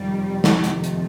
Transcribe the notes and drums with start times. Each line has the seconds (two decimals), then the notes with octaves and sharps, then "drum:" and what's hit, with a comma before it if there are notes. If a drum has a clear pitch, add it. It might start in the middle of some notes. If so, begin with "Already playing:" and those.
Already playing: F2 C3 D#3 G3
0.44 A3, drum: snare
0.64 drum: hi-hat
0.84 drum: hi-hat